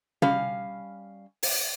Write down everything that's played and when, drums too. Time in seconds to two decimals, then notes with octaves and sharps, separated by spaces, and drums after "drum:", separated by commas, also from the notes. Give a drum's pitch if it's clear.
0.22 G3 C#4 F5, drum: tom
1.43 drum: open hi-hat